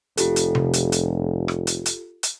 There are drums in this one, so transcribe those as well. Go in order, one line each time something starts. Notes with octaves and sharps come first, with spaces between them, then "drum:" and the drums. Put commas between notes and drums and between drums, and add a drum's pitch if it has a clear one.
F1 F4 G4 A4, drum: hi-hat
drum: hi-hat
drum: tom C3
drum: hi-hat
drum: hi-hat
drum: rim click
drum: hi-hat
drum: hi-hat
drum: hi-hat